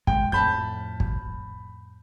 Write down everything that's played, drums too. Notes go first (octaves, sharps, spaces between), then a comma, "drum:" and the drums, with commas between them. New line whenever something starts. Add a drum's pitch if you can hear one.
G#3 G5, drum: kick
F2 A2 A5 B5 G6
drum: kick